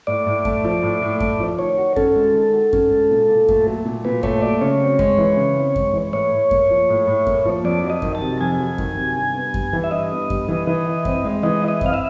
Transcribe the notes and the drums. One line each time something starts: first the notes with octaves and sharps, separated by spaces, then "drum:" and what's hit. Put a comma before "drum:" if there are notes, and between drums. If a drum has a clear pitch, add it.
A2 D5
A2
A3, drum: kick F#2
F3
A2
A2
A3, drum: kick F#2
F3
D#3 C#5
F#4
C#4 A4, drum: kick F#2
G#3
D#3
F#4
C#4, drum: kick F#2
G#3
A#2
A#2
A3, drum: kick F#2
F#3
A#2
A#2 B4
A3 C#5, drum: kick F#2
F#3 D5
C#3 C#5
C4
G#3, drum: kick F#2
E3
C#3
C4
G#3, drum: kick F#2
E3
A2 C#5
A2
A#3, drum: kick F#2
F3
A2
A2
A#3, drum: kick F#2
F3
F2 D5
F#3
D#5
D#3, drum: kick F#2
A5
C3
F2 G#5
F#3
D#3, drum: kick F#2
C3
G2
B3
G3, drum: kick F#2
E3
E5
G2 D#5
B3
G3, drum: kick F#2
E3
E3
E4
C4, drum: kick F#2
G#3
E3 D#5
E4
D#5
C4 F5, drum: kick F#2
E5